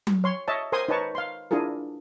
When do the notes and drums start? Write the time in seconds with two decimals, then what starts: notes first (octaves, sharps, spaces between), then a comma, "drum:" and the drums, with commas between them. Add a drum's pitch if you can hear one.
0.07 drum: tom F#3
0.24 C#5 C6
0.48 C#5 D#5 E5 A5
0.72 A#4 C5 G#5 C6 D#6
0.88 D#4 B4 C#5 A5 C#6
1.15 F5 C6
1.51 D4 E4 F4 G#4 A#4